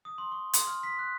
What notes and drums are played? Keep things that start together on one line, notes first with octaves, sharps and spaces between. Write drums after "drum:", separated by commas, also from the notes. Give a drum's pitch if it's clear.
D#6
C6
C#6
C6, drum: hi-hat
F6
B6
F#6